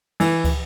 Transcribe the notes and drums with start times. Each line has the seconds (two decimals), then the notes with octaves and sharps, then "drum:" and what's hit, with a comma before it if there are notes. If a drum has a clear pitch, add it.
0.20 E3, drum: cymbal
0.44 drum: kick, cymbal